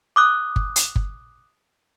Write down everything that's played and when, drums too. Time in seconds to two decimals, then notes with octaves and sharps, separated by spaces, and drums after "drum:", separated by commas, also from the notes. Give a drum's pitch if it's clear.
0.16 D6 D#6 F#6
0.56 drum: kick G1
0.76 drum: hi-hat
0.96 drum: kick G1